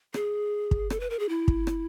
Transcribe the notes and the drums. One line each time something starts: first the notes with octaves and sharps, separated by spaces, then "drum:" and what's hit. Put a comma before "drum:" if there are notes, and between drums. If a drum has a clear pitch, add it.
G#4, drum: rim click
drum: kick
A4, drum: rim click
B4
A#4
G#4
E4
drum: kick
drum: rim click